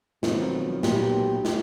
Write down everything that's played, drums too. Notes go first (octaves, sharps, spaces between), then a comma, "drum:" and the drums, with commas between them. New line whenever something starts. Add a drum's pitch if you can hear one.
B1 D#3 F3 C4, drum: snare
A#2 B3 G4, drum: snare
drum: snare